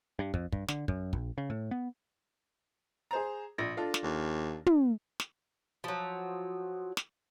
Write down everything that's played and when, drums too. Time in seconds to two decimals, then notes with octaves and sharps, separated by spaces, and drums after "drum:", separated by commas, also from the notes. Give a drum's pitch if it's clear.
0.19 G2
0.34 F2, drum: kick
0.52 G2, drum: kick
0.68 D3, drum: snare
0.88 F#2, drum: kick
1.13 A#1, drum: kick
1.38 C#3
1.50 A2
1.71 B3
3.11 G#4 C5 A#5
3.58 A#1 A#6
3.77 D4 F4 A4
3.94 drum: snare
4.03 D#2
4.66 drum: tom
5.20 drum: snare
5.84 F3 F#3
6.97 drum: snare